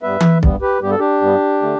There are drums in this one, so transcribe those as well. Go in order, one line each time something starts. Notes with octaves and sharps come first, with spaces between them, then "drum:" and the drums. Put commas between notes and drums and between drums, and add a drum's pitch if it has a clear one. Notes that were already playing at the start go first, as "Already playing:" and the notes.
G2 G3 B3 B4 E5
drum: tom E3
G2 G3 B3, drum: kick B1
G4 B4
G2 G3 B3 G4
A4
D4 G4
G2 G3 B3
D3 A3